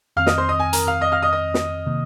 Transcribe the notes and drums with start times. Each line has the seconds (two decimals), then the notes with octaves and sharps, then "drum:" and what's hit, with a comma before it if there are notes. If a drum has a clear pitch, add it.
0.17 F2 D#3 C4 F5 F6
0.27 D#5 D#6, drum: snare
0.38 C5 C6
0.49 D#5 D#6
0.60 G#5
0.73 A#4 A#5, drum: hi-hat
0.87 F5 F6
1.01 D#5 D#6
1.12 F5 F6
1.22 D#5 D#6
1.33 D#5 D#6
1.54 drum: snare
1.86 C3 D#3 A#3